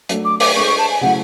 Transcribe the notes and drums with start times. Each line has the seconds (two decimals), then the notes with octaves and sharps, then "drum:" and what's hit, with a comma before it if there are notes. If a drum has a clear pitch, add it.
0.09 F#3 A3 D4, drum: hi-hat
0.25 D6
0.40 D6, drum: open hi-hat
0.56 G#3 D4 A4 C#6
0.67 C#6
0.78 A5
0.90 G#5
1.01 C#3 F#3 A3 E4 F#5